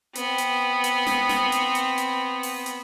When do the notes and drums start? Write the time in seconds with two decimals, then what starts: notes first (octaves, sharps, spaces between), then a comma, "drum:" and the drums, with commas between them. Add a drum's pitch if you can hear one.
0.15 B3 C4, drum: hi-hat
0.38 drum: hi-hat
0.84 drum: hi-hat
1.07 drum: snare
1.29 drum: snare
1.52 drum: hi-hat
1.75 drum: hi-hat
1.98 drum: hi-hat
2.43 drum: open hi-hat
2.66 drum: hi-hat